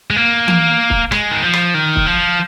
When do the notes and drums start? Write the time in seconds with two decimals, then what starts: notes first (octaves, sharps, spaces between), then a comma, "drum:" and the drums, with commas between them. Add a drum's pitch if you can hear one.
0.10 G#3
0.16 A#3
0.48 drum: tom E3
0.90 drum: kick
1.12 G#3, drum: rim click
1.31 D#3
1.43 F3
1.53 drum: rim click
1.74 D#3
1.96 drum: kick
2.06 F3